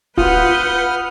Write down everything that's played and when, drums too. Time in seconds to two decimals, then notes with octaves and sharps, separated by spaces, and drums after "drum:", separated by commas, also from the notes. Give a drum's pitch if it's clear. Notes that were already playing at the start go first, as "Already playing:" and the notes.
0.18 F4 B4 F#5 D#6 F6 G6, drum: kick